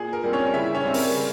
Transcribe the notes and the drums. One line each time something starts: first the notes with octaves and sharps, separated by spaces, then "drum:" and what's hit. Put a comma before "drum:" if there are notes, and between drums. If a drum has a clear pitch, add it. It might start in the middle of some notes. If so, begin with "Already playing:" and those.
Already playing: A#2 G#4
A#4
G3 C4
C#4 C#5
C#3 E4 E5
C#4 C#5
G3 C4
A#4, drum: open hi-hat
C#3